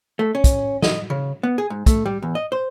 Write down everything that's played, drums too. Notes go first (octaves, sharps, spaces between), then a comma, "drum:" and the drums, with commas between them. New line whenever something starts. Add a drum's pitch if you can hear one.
A3
C#4
drum: kick, hi-hat
D#5, drum: snare
C#3
B3
G#4
G#2
A3, drum: kick, hi-hat
G3
E2
D#5
C5